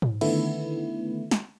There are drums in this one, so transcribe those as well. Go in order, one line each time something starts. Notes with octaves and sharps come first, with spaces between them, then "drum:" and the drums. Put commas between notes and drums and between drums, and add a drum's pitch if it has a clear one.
drum: tom G#2
D3 D#3 A3 B3 E4, drum: cymbal
drum: snare